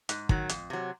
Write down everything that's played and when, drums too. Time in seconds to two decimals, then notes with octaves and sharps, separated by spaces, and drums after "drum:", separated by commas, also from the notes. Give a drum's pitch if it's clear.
0.09 G#2, drum: hi-hat
0.29 D#3 F#3, drum: kick
0.49 F2, drum: hi-hat
0.70 C3 F#3